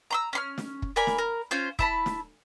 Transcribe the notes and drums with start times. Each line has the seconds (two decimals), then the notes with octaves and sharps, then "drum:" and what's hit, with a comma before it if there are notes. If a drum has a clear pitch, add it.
0.11 A#5 C6 E6
0.33 C#4 C6 F6
0.58 drum: snare
0.82 drum: kick
0.96 A#4 D5 G#5 B5
1.07 drum: snare
1.18 A#4
1.51 C#4 F4 C5
1.79 E4 A5 B5, drum: kick
2.06 drum: snare